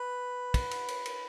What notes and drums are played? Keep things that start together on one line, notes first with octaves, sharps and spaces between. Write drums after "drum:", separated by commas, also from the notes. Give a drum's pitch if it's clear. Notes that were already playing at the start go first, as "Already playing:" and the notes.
Already playing: B4
drum: kick, cymbal
drum: cymbal
drum: cymbal
drum: cymbal